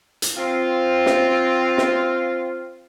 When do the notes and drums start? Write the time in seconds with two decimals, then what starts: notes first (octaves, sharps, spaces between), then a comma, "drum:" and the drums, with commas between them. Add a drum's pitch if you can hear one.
0.22 drum: hi-hat
0.37 C4 F4
1.06 drum: snare
1.78 drum: snare